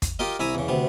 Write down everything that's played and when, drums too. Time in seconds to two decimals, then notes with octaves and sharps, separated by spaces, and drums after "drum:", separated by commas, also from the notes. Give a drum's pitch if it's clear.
0.02 drum: kick, hi-hat
0.19 F4 G4 A#4 D#5
0.40 C2 E4 E5 G#5 A#5
0.55 E2 C#3
0.68 D2 C3 B3